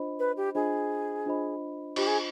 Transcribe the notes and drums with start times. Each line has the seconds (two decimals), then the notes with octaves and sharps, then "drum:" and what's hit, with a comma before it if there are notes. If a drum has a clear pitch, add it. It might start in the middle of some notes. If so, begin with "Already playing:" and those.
Already playing: D4 F4 C5 D#5 B5
0.19 B4
0.37 G4
0.55 D4 F4 G#4 C5 D#5 B5
1.26 D4 F4 C5 D#5 B5
1.96 D4 F4 G4 C5 D#5 B5, drum: cymbal
2.07 G#4